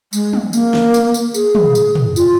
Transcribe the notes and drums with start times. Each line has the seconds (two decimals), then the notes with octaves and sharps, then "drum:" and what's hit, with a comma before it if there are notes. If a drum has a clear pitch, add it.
0.13 G#3, drum: tambourine
0.33 drum: tom
0.53 A#3, drum: tambourine
0.74 drum: snare
0.94 drum: tambourine
1.14 drum: tambourine
1.34 G#4, drum: tambourine
1.55 drum: tom
1.75 drum: tambourine
1.95 drum: tom
2.16 F4, drum: tambourine